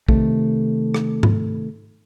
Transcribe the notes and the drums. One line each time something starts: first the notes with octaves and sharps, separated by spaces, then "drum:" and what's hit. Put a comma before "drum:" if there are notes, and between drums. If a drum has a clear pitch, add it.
C3 D#3 A3, drum: kick A#1
drum: rim click
drum: tom G#2